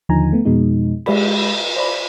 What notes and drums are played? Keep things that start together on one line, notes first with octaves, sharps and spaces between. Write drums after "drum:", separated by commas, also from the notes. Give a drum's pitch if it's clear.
D#2 D3 F3 D#4 G#5 A#5
A3 B3
F2 B2 G#3 D#4
G#3 G4 D5 B5, drum: cymbal
C5 D5 B5